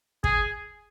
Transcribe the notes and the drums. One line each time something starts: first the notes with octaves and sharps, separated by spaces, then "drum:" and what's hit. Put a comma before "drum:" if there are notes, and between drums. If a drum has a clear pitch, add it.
G#4, drum: kick